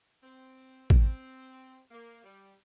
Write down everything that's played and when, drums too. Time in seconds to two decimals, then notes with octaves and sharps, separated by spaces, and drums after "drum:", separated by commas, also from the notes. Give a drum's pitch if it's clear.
0.23 C4
0.90 C4, drum: kick A1
1.91 A#3
2.24 G3